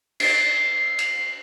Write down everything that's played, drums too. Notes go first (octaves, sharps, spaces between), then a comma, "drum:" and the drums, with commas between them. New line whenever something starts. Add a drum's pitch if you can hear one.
C7, drum: cymbal
drum: cymbal